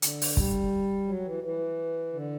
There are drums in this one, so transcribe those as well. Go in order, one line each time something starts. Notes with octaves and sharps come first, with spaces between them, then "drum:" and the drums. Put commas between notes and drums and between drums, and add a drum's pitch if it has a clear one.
D3, drum: hi-hat
drum: open hi-hat
G3, drum: kick
F#3
E3
E3
D3